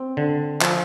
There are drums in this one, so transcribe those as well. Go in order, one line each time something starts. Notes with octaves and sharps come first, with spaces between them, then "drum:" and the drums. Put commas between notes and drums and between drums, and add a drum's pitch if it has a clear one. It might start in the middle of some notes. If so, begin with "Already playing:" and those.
Already playing: C4
D3
F3, drum: clap